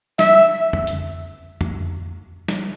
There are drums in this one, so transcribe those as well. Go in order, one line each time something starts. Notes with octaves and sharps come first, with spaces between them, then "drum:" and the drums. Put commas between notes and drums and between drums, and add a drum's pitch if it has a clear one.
E5, drum: snare
drum: tom F2
drum: hi-hat
drum: tom F2
drum: snare